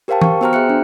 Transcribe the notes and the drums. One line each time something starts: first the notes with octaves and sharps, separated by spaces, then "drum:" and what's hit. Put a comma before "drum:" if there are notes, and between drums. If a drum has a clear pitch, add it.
G4 A#4 C5 F5 G5 A5
F5 C#6, drum: tom E3
B3 F#4 C5 G5 A#5 F6
G#4 E5 F#6 C#7
D4